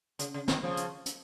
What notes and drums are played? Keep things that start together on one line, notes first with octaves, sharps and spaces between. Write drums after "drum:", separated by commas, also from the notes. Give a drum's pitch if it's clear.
C#3, drum: hi-hat
C#3
C3 D#3, drum: snare
C#3 F3
drum: hi-hat
drum: hi-hat